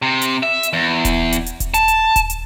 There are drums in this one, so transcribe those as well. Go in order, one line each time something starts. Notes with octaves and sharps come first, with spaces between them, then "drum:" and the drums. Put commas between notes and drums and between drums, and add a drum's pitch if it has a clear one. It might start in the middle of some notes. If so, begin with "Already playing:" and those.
C3
drum: hi-hat
E5
drum: hi-hat
E2
drum: kick D#1, hi-hat
drum: hi-hat
drum: hi-hat
drum: kick D#1, hi-hat
A5, drum: hi-hat
drum: hi-hat
drum: kick D#1, hi-hat
drum: hi-hat